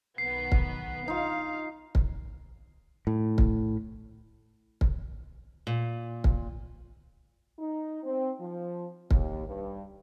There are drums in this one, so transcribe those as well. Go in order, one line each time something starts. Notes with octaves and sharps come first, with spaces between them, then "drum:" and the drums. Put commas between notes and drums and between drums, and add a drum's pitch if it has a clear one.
B1 D#3 B3 C7
drum: kick
D#4 F4 F5
drum: kick
A2
drum: kick
drum: kick
A#2
drum: kick
D#4
C4
F3
D#2, drum: kick
G2